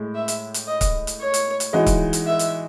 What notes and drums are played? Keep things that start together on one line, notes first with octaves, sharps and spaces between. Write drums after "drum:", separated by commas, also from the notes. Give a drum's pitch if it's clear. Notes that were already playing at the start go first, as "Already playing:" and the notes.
Already playing: A2 G#3
E5
drum: hi-hat
drum: hi-hat
D#5
drum: kick C#1, hi-hat
drum: hi-hat
C#5
drum: hi-hat
drum: hi-hat
E3 G#3 D#4 F#4
drum: kick C#1, hi-hat
drum: hi-hat
E5
drum: hi-hat